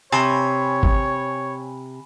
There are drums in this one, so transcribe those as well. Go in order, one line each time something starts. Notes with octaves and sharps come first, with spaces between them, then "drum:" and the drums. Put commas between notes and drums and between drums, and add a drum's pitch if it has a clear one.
C3 C#5 G#5 B5
drum: kick